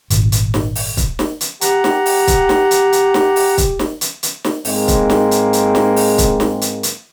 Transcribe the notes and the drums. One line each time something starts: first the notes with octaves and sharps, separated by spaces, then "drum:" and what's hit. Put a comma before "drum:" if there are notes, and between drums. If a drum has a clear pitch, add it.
D#1 G#1, drum: hi-hat
drum: hi-hat
drum: snare
drum: open hi-hat
drum: kick, hi-hat
drum: snare
drum: hi-hat
G4 F#5 A#5, drum: hi-hat
drum: snare
drum: open hi-hat
drum: kick, hi-hat
drum: snare
drum: hi-hat
drum: hi-hat
drum: snare
drum: open hi-hat
drum: kick, hi-hat
drum: snare
drum: hi-hat
drum: hi-hat
drum: snare
G#2 G#3 A#3 C4, drum: open hi-hat
drum: kick, hi-hat
drum: snare
drum: hi-hat
drum: hi-hat
drum: snare
drum: open hi-hat
drum: kick, hi-hat
drum: snare
drum: hi-hat
drum: hi-hat